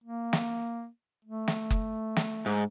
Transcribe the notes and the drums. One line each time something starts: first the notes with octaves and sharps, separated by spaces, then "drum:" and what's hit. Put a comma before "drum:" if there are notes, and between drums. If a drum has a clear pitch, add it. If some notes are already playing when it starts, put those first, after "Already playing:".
A#3
drum: snare
A3
drum: snare
drum: kick F#1
drum: snare
G#2